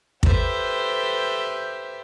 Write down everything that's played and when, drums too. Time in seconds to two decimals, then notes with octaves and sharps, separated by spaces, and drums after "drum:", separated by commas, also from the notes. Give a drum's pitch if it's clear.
0.23 G4 A4 B4 C5 E5 G5, drum: kick